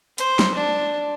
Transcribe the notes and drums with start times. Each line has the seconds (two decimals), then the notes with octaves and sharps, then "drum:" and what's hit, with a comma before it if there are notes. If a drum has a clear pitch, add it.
0.18 C5, drum: hi-hat
0.39 drum: snare
0.55 D4